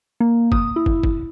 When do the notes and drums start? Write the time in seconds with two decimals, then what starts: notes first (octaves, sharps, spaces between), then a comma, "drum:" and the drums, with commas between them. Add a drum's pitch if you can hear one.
0.20 A#3
0.52 D#6, drum: kick
0.76 E4
0.86 drum: kick
1.03 drum: kick